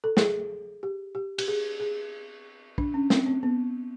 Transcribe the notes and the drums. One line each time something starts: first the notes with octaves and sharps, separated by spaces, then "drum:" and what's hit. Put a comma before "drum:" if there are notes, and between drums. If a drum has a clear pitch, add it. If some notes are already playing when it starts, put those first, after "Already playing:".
A4
G#4, drum: snare
G4
G4
G4, drum: cymbal
G#4
G#4
D4, drum: kick
C#4
C4, drum: snare
C4
B3